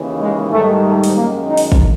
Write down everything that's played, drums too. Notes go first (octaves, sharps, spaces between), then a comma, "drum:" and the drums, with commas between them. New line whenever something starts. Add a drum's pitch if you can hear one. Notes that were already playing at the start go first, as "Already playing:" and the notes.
Already playing: D#2 C#3 E3
G#3
G#2 D#3 G3 A3
A3
drum: open hi-hat
F#2 D#3 G#3 A#3
D#4
drum: open hi-hat
drum: kick